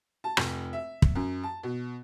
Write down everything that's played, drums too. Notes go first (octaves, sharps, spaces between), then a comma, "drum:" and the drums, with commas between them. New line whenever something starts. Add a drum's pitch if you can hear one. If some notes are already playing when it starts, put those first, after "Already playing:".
A5
F1, drum: rim click
E5
drum: kick
F#2
A5
B2